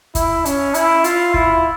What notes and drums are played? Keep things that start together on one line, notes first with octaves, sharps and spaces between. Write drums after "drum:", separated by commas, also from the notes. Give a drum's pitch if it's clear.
E4, drum: kick, hi-hat
C#4, drum: hi-hat
E4, drum: hi-hat
F4, drum: hi-hat
E4, drum: kick